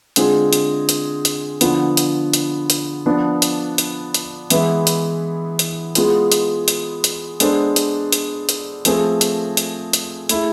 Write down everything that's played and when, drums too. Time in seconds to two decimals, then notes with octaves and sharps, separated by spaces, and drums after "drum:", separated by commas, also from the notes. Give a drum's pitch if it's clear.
0.16 D3 G#3 C4 F4 G#4, drum: hi-hat
0.53 drum: hi-hat
0.89 drum: hi-hat
1.25 drum: hi-hat
1.61 D3 F3 B3 F4, drum: hi-hat
1.97 drum: hi-hat
2.33 drum: hi-hat
2.70 drum: hi-hat
3.06 F3 B3 D4
3.42 drum: hi-hat
3.78 drum: hi-hat
4.14 drum: hi-hat
4.50 E3 G#3 B3 E4 B4, drum: hi-hat
4.87 drum: hi-hat
5.59 drum: hi-hat
5.95 G#3 B3 F4 G#4, drum: hi-hat
6.32 drum: hi-hat
6.68 drum: hi-hat
7.04 drum: hi-hat
7.40 G#3 B3 D4 A4 C5, drum: hi-hat
7.76 drum: hi-hat
8.12 drum: hi-hat
8.49 drum: hi-hat
8.85 F3 A3 C4 G#4 B4, drum: hi-hat
9.21 drum: hi-hat
9.57 drum: hi-hat
9.93 drum: hi-hat
10.29 A3 E4 G#4, drum: hi-hat